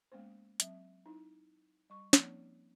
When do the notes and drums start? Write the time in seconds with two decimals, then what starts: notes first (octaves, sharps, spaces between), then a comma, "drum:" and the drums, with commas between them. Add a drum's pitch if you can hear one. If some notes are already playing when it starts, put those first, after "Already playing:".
0.12 G#3 A#3 B3 C#4 C5
0.60 F#3 C4 E5, drum: hi-hat
1.06 D#4 E4
1.90 G3 C#6
2.13 F3 A#3 C4 C#4 D#4 D5, drum: snare